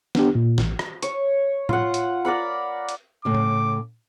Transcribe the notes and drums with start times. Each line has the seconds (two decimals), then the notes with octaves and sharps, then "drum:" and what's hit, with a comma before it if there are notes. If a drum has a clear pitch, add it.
0.15 B3 D4 G4, drum: snare
0.35 A#2
0.58 A1, drum: snare
0.79 drum: rim click
1.02 C#5, drum: hi-hat
1.69 F4 F#5, drum: tom A2
1.94 drum: hi-hat
2.25 A#4 D5 F#5 B5
2.89 drum: hi-hat
3.25 A2 C#3 D6
3.35 drum: tom A#2